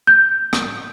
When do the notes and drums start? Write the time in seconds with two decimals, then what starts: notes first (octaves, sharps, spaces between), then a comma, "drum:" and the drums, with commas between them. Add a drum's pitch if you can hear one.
0.07 G6
0.53 drum: rim click